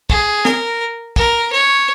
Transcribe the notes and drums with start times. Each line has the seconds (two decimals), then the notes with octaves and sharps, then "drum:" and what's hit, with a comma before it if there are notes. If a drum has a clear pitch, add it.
0.10 G#4, drum: kick
0.45 A#4, drum: snare
1.16 A#4, drum: kick
1.52 C#5